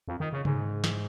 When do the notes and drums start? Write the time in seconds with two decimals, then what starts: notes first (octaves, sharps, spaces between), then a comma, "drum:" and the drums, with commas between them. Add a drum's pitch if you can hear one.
0.08 F2
0.20 D#3
0.33 C#3
0.45 G#2, drum: tom C3
0.84 drum: snare